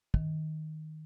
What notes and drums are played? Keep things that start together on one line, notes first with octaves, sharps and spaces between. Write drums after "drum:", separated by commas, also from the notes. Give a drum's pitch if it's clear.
D#3, drum: kick